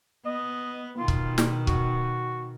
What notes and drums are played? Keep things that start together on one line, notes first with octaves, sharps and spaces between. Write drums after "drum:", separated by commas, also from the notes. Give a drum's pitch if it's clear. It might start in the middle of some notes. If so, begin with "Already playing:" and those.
B3 D#5
B2 D#3 F4
drum: kick
drum: snare
F#4, drum: kick